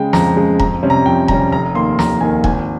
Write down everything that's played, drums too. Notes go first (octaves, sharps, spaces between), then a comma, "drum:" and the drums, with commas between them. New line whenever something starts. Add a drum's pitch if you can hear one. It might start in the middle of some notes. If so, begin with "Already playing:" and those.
Already playing: C#3 G#3 G5
F2 A#5, drum: snare
C#3 G#3
F2 A#5, drum: kick E1
C3 G3 C#4
A#5
F2 G5
C3 G3 C#4 A#5, drum: kick E1
F1 A#5
D#2 D#3 A#3 C6
F1 A#5, drum: snare
D#2 D#3 A#3 G#5
G#1 G#5, drum: kick E1